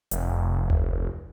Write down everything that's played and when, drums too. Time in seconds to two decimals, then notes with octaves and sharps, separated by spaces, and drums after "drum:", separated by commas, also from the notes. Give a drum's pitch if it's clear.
0.11 F1, drum: hi-hat
0.70 drum: tom D2